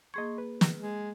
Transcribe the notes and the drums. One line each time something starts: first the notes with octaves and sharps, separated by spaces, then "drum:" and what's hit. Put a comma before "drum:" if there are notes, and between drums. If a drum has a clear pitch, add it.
A#3 G#4 D#5 C6 C#6 G#6
B4
drum: snare
G#3